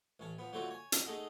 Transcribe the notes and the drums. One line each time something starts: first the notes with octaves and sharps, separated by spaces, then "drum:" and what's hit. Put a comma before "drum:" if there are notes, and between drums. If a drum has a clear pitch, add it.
A1 C#4 A5
F3 B3
D3 F#3 A3 C4 F4 F#4
C#5 G#5
drum: hi-hat
A3 D#4 G#4 A4 D#5 F#5